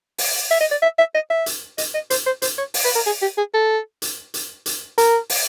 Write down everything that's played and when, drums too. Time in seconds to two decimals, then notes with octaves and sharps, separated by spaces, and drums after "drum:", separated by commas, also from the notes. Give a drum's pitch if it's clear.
0.18 drum: open hi-hat
0.51 E5
0.61 D#5
0.71 D5
0.82 E5
0.98 E5
1.14 D#5
1.30 E5
1.46 drum: hi-hat
1.78 D#5, drum: hi-hat
1.94 D#5
2.10 C5, drum: hi-hat
2.26 C5
2.42 C5, drum: hi-hat
2.58 C#5
2.74 drum: open hi-hat
2.85 B4
2.95 A#4
3.06 G#4
3.22 G4
3.38 G#4
3.54 A4
4.02 drum: hi-hat
4.34 drum: hi-hat
4.66 drum: hi-hat
4.98 A#4, drum: hi-hat
5.30 drum: open hi-hat